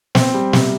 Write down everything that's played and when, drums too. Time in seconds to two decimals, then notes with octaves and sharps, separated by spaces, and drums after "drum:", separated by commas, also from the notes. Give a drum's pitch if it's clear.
0.15 C4, drum: snare
0.34 G3
0.53 C3, drum: snare